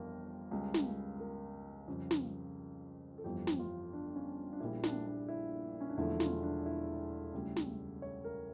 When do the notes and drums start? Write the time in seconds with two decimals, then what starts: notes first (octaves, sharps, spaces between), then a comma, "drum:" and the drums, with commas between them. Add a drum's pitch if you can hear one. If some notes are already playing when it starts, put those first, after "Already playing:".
Already playing: G1 F2 E3 G3 A#4
0.51 C#2 C#3 G3
0.74 drum: snare
1.20 A#4
1.88 F2 C#3 G3
2.11 drum: snare
3.18 A4
3.24 G1 F2 E3 G4
3.47 drum: snare
3.59 F4
3.93 D4
4.16 C#4
4.53 D4
4.60 A#1 A#2 G3 E4
4.83 D4, drum: snare
5.07 D4
5.28 E4
5.80 C#4
5.89 D4
5.97 E1 E2 D3 F3 A3 E4
6.20 F4, drum: snare
6.43 D4
6.66 E4
7.33 D2 C#3 G3
7.56 drum: snare
8.02 C#5
8.24 A#4